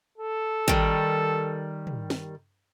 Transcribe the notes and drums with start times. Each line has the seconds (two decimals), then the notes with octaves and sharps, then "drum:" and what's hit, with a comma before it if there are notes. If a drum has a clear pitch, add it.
0.18 A4
0.68 D#3 G3, drum: kick G#1
1.87 drum: tom
2.10 drum: snare